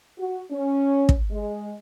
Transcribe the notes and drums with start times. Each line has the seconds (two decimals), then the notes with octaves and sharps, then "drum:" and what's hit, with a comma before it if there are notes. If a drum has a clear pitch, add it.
0.19 F#4
0.51 C#4
1.09 drum: kick
1.31 G#3